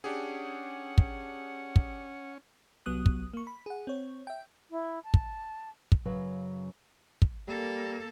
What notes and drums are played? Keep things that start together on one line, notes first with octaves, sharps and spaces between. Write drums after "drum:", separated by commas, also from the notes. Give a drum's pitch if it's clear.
C#4 D4 G4 G#4 F#5
drum: kick
drum: kick
C2 F#3 B3 D#6 F#6
drum: kick
A#3 C#6
B5
G#4 F#5
C4 C#5
E5 G5
E4
A5
drum: kick
drum: kick
F#2 C#3 F#3 B4 F5
drum: kick
G3 A#3 A4